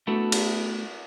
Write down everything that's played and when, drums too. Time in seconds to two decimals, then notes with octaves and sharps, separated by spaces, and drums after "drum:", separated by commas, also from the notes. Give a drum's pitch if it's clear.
0.07 A3 B3 D4 E4 F#4 A4
0.32 drum: cymbal